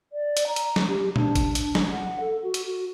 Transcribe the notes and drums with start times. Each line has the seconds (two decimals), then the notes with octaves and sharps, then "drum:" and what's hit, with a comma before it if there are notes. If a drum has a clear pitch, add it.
0.13 D5
0.37 drum: hi-hat
0.47 A#5
0.56 drum: hi-hat
0.76 drum: snare
0.88 G4
1.16 D4, drum: tom A#2
1.36 drum: kick G1, hi-hat
1.55 drum: hi-hat
1.75 drum: snare
1.92 F#5
2.20 A4
2.43 F#4
2.54 drum: hi-hat
2.66 F#4